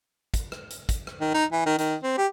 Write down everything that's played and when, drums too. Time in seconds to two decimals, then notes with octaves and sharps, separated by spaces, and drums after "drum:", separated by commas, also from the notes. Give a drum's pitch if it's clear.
0.34 drum: kick, hi-hat
0.52 drum: rim click
0.70 drum: hi-hat
0.89 drum: kick, hi-hat
1.07 drum: rim click
1.21 D#3
1.34 D#4
1.52 E3
1.66 D#3
1.78 D#3, drum: hi-hat
2.03 C4
2.18 G4